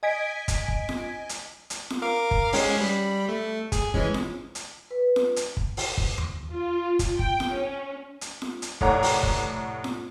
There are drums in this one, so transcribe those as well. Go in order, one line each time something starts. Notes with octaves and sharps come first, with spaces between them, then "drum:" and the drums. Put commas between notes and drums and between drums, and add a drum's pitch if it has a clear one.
D#5 G#5 G#6 B6 D7
drum: kick, hi-hat
drum: kick
drum: snare F4
drum: hi-hat
drum: hi-hat
drum: snare F4
A#4 F5 D6
drum: kick
G#3 C#4 C7, drum: open hi-hat
G3 B5
A3
G#4, drum: kick, hi-hat
E3 G#3 C#4, drum: kick
drum: snare F4
drum: hi-hat
B4
drum: snare F4
drum: hi-hat
drum: kick
drum: open hi-hat
drum: kick
drum: tom E2
F4
drum: kick, hi-hat
G5, drum: kick
drum: snare F4
C#4
drum: hi-hat
drum: snare F4
drum: hi-hat
F1 A2 C#5 F#5 A#5 D6, drum: kick
drum: open hi-hat
drum: kick
drum: snare F4